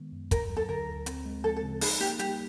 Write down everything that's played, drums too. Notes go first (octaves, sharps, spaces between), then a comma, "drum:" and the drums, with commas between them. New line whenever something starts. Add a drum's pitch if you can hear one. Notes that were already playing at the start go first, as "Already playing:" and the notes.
Already playing: D#3 G#3 B3
F#2
D2 A#4, drum: kick, hi-hat
F#3
A4
D3 A#4
D2
C4, drum: hi-hat
G#3
F3 A4
A4
C#3
D#4 G#4, drum: open hi-hat
A#3 G4
G3 G4, drum: hi-hat